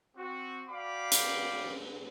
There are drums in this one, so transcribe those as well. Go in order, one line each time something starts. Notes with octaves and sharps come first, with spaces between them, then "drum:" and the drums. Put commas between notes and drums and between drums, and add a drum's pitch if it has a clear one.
C4 F#4
F#4 D5 F5 G5 B5 D6
drum: hi-hat